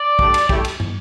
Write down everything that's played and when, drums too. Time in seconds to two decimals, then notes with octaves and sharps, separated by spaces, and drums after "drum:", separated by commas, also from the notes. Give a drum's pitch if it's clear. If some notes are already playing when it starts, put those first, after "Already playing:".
Already playing: D5
0.19 A3 D4 G4, drum: kick
0.34 drum: cymbal
0.49 A3 E4 G4, drum: kick
0.65 drum: cymbal
0.80 drum: tom